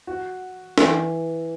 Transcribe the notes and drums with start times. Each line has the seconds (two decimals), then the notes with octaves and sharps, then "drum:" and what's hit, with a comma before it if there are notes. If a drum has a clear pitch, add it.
0.07 F#4
0.78 E3, drum: snare